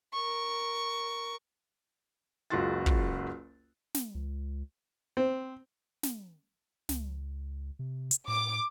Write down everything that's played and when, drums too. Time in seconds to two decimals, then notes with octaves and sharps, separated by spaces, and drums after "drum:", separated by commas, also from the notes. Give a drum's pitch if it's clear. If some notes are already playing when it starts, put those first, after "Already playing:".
0.13 A#4 C#6
2.50 F#1 C#2 F4 F#4 C6 A6
2.86 drum: kick
3.94 drum: snare
4.15 C#2
5.17 C4
6.03 drum: snare
6.89 C#2, drum: snare
7.79 C3
8.11 drum: hi-hat
8.28 A2 D6